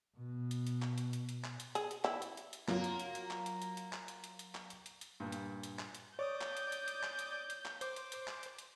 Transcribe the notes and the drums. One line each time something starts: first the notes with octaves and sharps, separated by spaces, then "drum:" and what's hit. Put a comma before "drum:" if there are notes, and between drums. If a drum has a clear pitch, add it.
B2
drum: hi-hat
drum: hi-hat
drum: clap
drum: hi-hat
drum: hi-hat
drum: hi-hat
drum: clap
drum: hi-hat
G#4, drum: hi-hat
drum: hi-hat
E4, drum: clap
drum: hi-hat
drum: hi-hat
drum: hi-hat
F#3 A#3 F4, drum: clap
drum: hi-hat
drum: hi-hat
drum: hi-hat
drum: clap
drum: hi-hat
drum: hi-hat
drum: hi-hat
drum: clap
drum: hi-hat
drum: hi-hat
drum: hi-hat
drum: clap
drum: hi-hat
drum: hi-hat
drum: hi-hat
G2 A#2
drum: hi-hat
drum: hi-hat
drum: clap
drum: hi-hat
C#5 D5 D6 D#6 G6
drum: clap
drum: hi-hat
drum: hi-hat
drum: hi-hat
drum: clap
drum: hi-hat
drum: hi-hat
drum: clap
C5 D6, drum: hi-hat
drum: hi-hat
drum: hi-hat
drum: clap
drum: hi-hat
drum: hi-hat